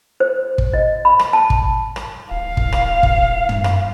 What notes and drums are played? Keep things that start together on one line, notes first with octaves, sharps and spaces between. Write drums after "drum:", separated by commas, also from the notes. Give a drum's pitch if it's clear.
C5
drum: kick
D#5
B5
drum: rim click
A5
drum: kick
drum: rim click
D1 F5
drum: kick
drum: rim click
drum: kick
drum: tom
drum: rim click